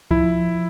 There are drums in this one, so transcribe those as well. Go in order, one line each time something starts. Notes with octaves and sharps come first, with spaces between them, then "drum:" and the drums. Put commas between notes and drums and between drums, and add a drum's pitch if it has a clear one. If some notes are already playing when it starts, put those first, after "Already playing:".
F3 E4, drum: kick C#2